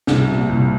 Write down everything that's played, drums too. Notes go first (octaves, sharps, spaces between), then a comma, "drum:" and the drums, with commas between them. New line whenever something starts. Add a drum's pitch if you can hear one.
C2, drum: snare
A#2
C2